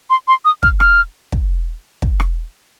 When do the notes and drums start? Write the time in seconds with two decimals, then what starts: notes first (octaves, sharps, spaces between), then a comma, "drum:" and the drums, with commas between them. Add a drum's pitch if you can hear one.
0.10 C6
0.28 C6
0.45 D#6
0.63 F6, drum: kick
0.80 F6, drum: rim click
1.32 drum: kick
2.02 drum: kick
2.20 drum: rim click